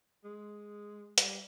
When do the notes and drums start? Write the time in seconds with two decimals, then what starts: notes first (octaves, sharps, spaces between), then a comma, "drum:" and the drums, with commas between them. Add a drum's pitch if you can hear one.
0.24 G#3
1.18 G3, drum: hi-hat